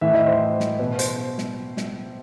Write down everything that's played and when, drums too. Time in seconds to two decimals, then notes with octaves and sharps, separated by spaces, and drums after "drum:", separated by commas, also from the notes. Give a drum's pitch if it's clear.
0.01 A2 E3 E5
0.14 D#5
0.27 C5
0.60 drum: snare
0.79 B2 B4
0.99 C5, drum: hi-hat
1.38 drum: snare
1.77 drum: snare